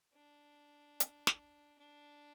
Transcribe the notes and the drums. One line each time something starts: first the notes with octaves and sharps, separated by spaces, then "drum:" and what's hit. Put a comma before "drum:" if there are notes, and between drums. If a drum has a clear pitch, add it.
D4
drum: hi-hat
drum: snare
D4